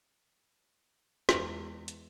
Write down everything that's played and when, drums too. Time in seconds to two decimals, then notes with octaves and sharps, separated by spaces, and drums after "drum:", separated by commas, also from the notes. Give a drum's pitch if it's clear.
1.29 E2 G#3, drum: snare
1.88 drum: hi-hat